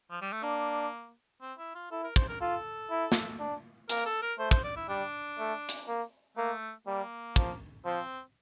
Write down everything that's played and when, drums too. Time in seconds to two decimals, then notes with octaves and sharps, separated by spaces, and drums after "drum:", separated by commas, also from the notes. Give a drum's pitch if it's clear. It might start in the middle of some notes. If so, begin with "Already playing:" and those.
0.11 F3
0.21 G3
0.32 A3
0.43 A#3 D4
1.42 C4
1.58 E4
1.75 F4
1.91 E4 A4
2.04 A#4
2.16 C5, drum: kick
2.29 A#4
2.41 F4 A4
2.90 E4
3.12 drum: snare
3.39 D4
3.89 A#3 A#4, drum: hi-hat
4.06 A4
4.22 A#4
4.39 A3 C5
4.51 C5, drum: kick
4.64 D5
4.76 E4
4.88 G3 D4
5.38 A3
5.69 drum: hi-hat
5.88 A#3
6.37 A3 A#3
6.87 G3 A#3
7.36 F3, drum: kick
7.85 F3 C4